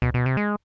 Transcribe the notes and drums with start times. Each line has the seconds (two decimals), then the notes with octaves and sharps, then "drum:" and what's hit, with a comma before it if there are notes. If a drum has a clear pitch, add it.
0.02 B2, drum: kick C#2
0.14 B2
0.26 C3
0.37 G#3